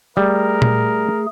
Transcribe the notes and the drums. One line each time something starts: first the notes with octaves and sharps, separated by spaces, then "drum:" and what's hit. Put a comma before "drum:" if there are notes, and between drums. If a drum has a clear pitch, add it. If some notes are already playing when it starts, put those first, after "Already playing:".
G3 A3 G#4 A#4
drum: tom A#2